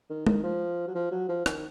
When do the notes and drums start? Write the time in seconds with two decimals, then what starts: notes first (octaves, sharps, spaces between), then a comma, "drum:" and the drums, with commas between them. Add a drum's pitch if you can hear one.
0.10 D#3
0.27 D#3, drum: tom G#3
0.43 F3
0.88 F#3
0.95 F3
1.12 F#3
1.29 F3
1.46 D#3, drum: rim click